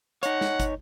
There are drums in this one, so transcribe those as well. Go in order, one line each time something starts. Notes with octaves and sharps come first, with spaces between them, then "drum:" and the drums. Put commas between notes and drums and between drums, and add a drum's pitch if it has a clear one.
D#4 C#5 F#5, drum: hi-hat
drum: snare
drum: kick, hi-hat